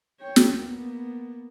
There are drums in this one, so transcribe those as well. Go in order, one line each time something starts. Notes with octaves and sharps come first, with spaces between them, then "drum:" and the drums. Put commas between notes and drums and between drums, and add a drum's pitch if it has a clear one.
C#5 G5
drum: snare
A#3 B3